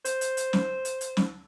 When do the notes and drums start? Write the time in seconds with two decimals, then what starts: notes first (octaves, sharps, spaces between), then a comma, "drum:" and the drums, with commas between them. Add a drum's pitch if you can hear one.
0.05 C5, drum: hi-hat
0.21 drum: hi-hat
0.37 drum: hi-hat
0.53 drum: snare
0.85 drum: hi-hat
1.01 drum: hi-hat
1.17 drum: snare